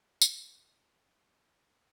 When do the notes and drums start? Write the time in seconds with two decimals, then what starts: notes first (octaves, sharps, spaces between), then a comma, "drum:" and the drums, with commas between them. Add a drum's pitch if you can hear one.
0.22 A#2 A#4 C5 A#5, drum: tambourine